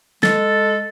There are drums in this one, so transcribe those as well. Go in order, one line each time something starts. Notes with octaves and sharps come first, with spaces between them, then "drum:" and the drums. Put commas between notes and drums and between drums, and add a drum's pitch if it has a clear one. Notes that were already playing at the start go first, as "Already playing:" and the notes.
G#3 A4 A6, drum: snare